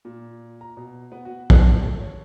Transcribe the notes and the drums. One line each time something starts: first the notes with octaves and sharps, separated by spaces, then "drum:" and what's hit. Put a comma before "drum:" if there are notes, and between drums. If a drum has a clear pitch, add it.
A#2
A#5
B2
B3
F#4
A5, drum: kick
A3
C#5